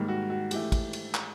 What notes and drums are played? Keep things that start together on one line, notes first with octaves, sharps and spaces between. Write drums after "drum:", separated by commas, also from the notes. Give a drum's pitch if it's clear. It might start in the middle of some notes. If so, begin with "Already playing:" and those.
Already playing: G#2 D#3 G3 A#3
F#4
F#4
E3 A3 G4, drum: cymbal
drum: kick, cymbal
drum: cymbal
drum: clap